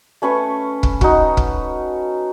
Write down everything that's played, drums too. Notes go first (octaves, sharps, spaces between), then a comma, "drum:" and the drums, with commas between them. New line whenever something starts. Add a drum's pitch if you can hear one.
A3 C#4 B4 C#6
drum: kick
D#4 F#4, drum: kick
drum: kick